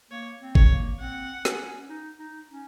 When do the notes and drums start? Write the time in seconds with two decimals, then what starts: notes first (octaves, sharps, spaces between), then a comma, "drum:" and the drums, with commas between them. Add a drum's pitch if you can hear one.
0.11 A#3 C#5
0.41 C4
0.55 C#5, drum: kick G1
0.70 A#3
1.01 C4 F#5
1.45 C#4, drum: snare
1.89 D#4
2.19 D#4
2.49 C#4